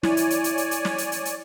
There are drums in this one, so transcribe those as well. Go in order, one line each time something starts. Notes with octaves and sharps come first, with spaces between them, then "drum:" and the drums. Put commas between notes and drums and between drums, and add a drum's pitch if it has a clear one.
E4 C#5 D5 G#5, drum: snare
drum: hi-hat
drum: hi-hat
drum: hi-hat
drum: hi-hat
drum: hi-hat
drum: snare
drum: hi-hat
drum: hi-hat
drum: hi-hat